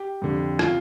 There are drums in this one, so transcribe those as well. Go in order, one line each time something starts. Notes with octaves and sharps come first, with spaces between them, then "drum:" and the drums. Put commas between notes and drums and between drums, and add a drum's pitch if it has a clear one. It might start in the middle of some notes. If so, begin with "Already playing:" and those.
Already playing: G4
F2 D3 G3
C3 G3 F4, drum: rim click